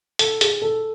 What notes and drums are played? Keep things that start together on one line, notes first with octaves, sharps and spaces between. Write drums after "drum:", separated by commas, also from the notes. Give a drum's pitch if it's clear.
A4, drum: hi-hat
G#4, drum: hi-hat
A4